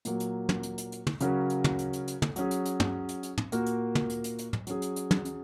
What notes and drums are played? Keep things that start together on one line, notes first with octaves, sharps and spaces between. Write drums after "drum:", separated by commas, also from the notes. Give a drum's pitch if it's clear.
A#2 F#3 A#3, drum: hi-hat
drum: hi-hat
drum: tom
drum: hi-hat
drum: hi-hat
drum: hi-hat
drum: tom
C#3 F#3 C#4 F#4 A#4, drum: hi-hat
drum: hi-hat
drum: tom
drum: hi-hat
drum: hi-hat
drum: hi-hat
drum: tom
F#3 C#4 G#4, drum: hi-hat
drum: hi-hat
drum: hi-hat
drum: tom
drum: hi-hat
drum: hi-hat
drum: tom
A#2 A#3 F#4 A#4, drum: hi-hat
drum: hi-hat
drum: tom
drum: hi-hat
drum: hi-hat
drum: hi-hat
drum: tom
F#3 C#4 G#4, drum: hi-hat
drum: hi-hat
drum: hi-hat
drum: tom
drum: hi-hat